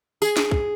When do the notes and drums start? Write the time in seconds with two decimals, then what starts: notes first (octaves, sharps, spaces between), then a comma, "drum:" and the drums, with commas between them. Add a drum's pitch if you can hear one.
0.22 G#4, drum: tambourine
0.37 drum: snare
0.51 drum: kick